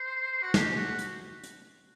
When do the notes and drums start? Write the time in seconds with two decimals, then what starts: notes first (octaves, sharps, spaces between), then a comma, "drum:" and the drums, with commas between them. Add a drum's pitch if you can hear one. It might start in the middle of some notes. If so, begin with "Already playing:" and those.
Already playing: C5
0.42 F#4
0.54 G4, drum: snare
0.76 F#4
0.99 drum: hi-hat
1.43 drum: hi-hat